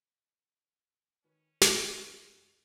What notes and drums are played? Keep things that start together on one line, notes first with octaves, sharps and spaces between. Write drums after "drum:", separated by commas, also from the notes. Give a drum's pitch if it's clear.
D#3 C#4 B4
F#1 F#2, drum: snare